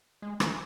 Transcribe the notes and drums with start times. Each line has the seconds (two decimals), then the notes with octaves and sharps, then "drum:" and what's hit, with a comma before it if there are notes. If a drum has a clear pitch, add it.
0.22 G#3
0.40 E3, drum: rim click